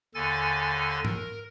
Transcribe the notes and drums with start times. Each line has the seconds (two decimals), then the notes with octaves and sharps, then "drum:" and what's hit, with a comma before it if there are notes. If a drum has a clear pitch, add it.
0.15 D#2 D3 A4 G#5 A6
1.05 A#4, drum: tom